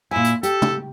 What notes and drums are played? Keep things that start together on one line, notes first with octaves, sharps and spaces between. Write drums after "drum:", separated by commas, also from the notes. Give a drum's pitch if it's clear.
A#2 E4 G#5
drum: hi-hat
G4 A4, drum: hi-hat
drum: tom